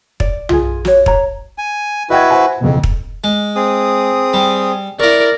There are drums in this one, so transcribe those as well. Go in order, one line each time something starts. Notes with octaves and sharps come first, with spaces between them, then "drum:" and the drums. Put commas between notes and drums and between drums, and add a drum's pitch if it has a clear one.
D5, drum: kick
F4 G#4, drum: tom
F#4 C#5, drum: snare
C#5 A#5, drum: kick
G#5
E4 F#4 B4 D#5 G5 G#6
C5 F#5 G#5
F#1 F2 B2
drum: kick
G#3
C4 G#4 D#6
G3
E4 A#4 D5 C#6